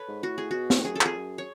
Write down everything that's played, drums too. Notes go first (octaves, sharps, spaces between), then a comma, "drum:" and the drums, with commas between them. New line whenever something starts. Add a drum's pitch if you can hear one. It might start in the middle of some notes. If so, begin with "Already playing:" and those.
Already playing: A4 B4 C#5
G#2
A2 F#4
G#4
B2 F#4
A2, drum: snare
F#2 G#4
A4
F2 G#4, drum: clap
F#2
C#5